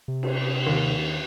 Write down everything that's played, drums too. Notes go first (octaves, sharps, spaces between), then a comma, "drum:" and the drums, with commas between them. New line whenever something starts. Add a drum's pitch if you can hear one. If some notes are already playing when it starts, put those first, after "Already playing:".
C3
drum: cymbal
D#2